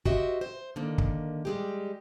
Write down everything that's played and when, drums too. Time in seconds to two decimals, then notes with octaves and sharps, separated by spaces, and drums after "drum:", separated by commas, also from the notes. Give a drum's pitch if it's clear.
0.05 F#4 G4 C5 D#5 E5, drum: kick
0.41 C5
0.76 D3 D#3 A#3
0.98 drum: kick
1.45 G3 G#3 G4